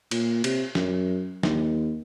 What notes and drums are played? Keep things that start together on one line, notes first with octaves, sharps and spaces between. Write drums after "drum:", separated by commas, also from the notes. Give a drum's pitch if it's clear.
A#2, drum: cymbal
C3, drum: cymbal
F#2, drum: snare
D#2, drum: snare